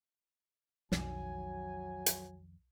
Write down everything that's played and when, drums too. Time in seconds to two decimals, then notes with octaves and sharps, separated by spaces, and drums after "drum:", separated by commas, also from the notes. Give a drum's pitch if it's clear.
0.92 B1 F2 D#3 F#3 G#5, drum: snare
2.06 drum: hi-hat